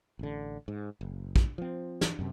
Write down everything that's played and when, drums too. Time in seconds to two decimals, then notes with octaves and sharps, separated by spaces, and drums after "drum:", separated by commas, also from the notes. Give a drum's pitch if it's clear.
0.19 A1 D3
0.68 G#2
1.01 F#1
1.36 drum: kick
1.58 F3 C4
2.01 drum: snare
2.19 F#2 C3